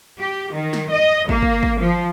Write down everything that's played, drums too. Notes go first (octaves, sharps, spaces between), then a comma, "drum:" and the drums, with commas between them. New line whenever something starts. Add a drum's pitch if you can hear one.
G4
D#3
drum: snare F#3
D#5
A#3, drum: kick
drum: kick
drum: kick
F3